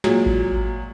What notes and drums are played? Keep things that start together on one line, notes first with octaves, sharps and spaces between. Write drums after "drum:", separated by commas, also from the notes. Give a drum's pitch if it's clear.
A#2 F#3 G#3, drum: snare
drum: kick A1